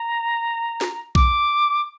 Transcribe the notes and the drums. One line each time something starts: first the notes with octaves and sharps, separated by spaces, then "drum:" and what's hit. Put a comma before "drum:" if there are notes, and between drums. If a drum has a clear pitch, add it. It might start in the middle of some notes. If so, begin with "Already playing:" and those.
Already playing: A#5
drum: snare
D6, drum: kick B1